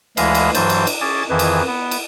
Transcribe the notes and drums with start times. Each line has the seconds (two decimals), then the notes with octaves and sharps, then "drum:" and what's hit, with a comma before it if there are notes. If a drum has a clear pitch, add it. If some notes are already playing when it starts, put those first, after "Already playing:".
0.17 D2 E3 G#3 D#5 F5 B5, drum: cymbal
0.35 drum: cymbal
0.55 G2 E3 F#3 C5 A6, drum: cymbal
0.69 drum: cymbal
0.87 drum: cymbal
1.01 C#4 G#4 D6 A6
1.30 F2 D#3 E3 G#4 B4
1.39 drum: cymbal
1.67 B3
1.91 drum: cymbal